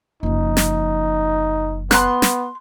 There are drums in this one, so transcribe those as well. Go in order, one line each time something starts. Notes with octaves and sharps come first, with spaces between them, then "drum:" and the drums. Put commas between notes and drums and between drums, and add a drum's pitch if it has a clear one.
F#1 F3 D#4
drum: snare
B3 C6 F#6, drum: snare
drum: snare